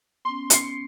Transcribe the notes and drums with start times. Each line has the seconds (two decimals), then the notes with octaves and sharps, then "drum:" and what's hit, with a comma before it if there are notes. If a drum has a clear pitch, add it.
0.25 B3 C#4 C6
0.50 C7 C#7, drum: hi-hat